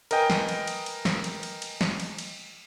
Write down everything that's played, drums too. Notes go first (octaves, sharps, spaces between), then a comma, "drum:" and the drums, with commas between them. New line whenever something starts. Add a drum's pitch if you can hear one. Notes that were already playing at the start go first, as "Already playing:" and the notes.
A#4 B4 D#5 G5 G#5, drum: cymbal
drum: snare
drum: cymbal
drum: cymbal
drum: cymbal
drum: snare
drum: cymbal
drum: cymbal
drum: cymbal
drum: snare
drum: cymbal
drum: cymbal